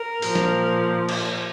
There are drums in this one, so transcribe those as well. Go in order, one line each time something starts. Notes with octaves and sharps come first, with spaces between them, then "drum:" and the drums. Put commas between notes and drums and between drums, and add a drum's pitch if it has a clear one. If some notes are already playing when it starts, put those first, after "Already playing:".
Already playing: A#4
A#2 F3, drum: open hi-hat
drum: snare
drum: cymbal